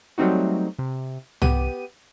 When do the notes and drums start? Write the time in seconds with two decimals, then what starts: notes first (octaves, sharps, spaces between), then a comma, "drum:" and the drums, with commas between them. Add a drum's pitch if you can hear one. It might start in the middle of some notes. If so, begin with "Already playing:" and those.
0.18 F#3 G3 A3 C4 D#4 F#4
0.79 C3
1.42 B3 G4 D#7, drum: tom C2